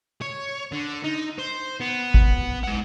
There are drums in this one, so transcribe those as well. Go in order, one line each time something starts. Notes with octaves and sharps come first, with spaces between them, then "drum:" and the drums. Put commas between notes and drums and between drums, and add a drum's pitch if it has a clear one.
C#5
D3
D#4
C5
B3
drum: kick
G#3 F#5